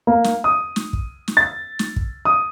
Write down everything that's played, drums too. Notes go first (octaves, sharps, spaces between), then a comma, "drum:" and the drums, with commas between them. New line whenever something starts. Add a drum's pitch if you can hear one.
A#3
drum: snare
D#6
drum: snare
drum: kick
drum: snare
A6
drum: snare
drum: kick
D#6